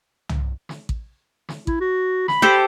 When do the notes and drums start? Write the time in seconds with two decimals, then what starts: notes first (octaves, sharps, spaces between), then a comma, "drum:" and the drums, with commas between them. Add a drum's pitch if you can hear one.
0.29 drum: tom
0.69 drum: snare
0.89 drum: kick A1
1.49 drum: snare
1.67 E4, drum: kick A1
1.81 F#4
2.28 B5, drum: snare
2.42 G4 A4 C5